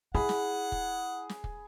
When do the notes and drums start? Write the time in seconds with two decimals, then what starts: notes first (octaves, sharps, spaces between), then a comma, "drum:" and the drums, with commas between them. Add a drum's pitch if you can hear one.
0.15 E4 G#4 F#5 B5
0.29 drum: snare
0.72 drum: kick
1.29 drum: snare
1.44 drum: kick